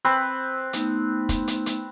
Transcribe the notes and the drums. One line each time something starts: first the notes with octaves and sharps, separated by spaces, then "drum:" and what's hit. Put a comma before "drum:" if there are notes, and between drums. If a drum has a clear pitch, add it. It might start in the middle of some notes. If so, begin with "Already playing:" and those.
C4 B4 C5
A3 B3 D#4, drum: hi-hat
drum: kick, hi-hat
drum: hi-hat
drum: hi-hat